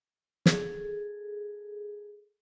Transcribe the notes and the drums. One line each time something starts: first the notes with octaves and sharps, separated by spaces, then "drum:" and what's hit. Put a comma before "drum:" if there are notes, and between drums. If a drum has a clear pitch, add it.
G#4 A4, drum: snare